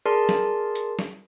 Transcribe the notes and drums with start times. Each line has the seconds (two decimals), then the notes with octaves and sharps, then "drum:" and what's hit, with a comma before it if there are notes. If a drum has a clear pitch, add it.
0.06 G#4 A#4 D5 A5 C6
0.29 drum: snare
0.75 drum: hi-hat
0.99 drum: snare